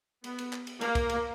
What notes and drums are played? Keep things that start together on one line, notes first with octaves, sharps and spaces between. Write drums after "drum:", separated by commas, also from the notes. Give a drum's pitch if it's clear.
B3, drum: cymbal
drum: cymbal
drum: clap
drum: cymbal
A#3, drum: cymbal
drum: kick, cymbal
drum: cymbal